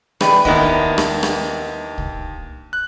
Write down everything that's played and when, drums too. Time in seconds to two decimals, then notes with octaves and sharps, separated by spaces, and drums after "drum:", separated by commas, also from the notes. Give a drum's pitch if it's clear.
0.21 E2 G3 G#4 B4, drum: rim click
0.45 D#2 B3 D4 E4 A#4 D#5, drum: kick C2
0.98 drum: rim click
1.23 drum: rim click
1.98 drum: kick C2
2.73 F#6